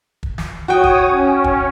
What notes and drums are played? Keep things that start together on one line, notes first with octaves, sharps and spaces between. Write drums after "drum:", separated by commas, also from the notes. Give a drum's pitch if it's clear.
drum: kick
drum: snare
F#4 C#5 G5 D#6
drum: kick
C#4
drum: kick